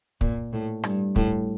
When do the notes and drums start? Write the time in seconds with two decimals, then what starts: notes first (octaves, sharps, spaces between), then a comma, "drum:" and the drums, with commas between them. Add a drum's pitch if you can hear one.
0.21 A#2, drum: kick
0.53 A2
0.84 G2, drum: rim click
1.16 A2, drum: kick